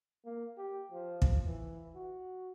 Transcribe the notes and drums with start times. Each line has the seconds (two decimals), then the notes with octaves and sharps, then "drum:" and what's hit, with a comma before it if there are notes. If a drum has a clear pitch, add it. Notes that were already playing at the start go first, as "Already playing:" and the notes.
0.25 A#3
0.57 G4
0.91 F3
1.22 drum: kick
1.46 E3
1.95 F#4